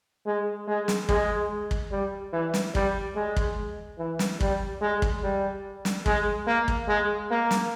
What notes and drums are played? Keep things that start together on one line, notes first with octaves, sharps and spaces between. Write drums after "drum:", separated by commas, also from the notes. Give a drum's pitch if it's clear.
G#3
G#3
drum: snare
G#3, drum: kick
drum: kick
G3
E3
drum: snare
G3, drum: kick
G#3
drum: kick
E3
drum: snare
G3, drum: kick
G#3
drum: kick
G3
drum: snare
G#3, drum: kick
A#3
drum: kick
G#3
A#3
drum: snare